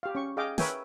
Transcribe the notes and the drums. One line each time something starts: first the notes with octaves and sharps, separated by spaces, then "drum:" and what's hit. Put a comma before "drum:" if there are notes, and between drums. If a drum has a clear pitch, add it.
G4 F5
C#4 C#6
G#4 D#5 F5 G5 D6
A#4 B4 C#5 E5 G5 G#5, drum: snare